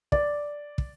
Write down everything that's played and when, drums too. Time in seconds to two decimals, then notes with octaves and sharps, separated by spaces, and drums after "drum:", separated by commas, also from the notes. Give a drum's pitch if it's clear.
0.12 D5, drum: kick
0.78 drum: kick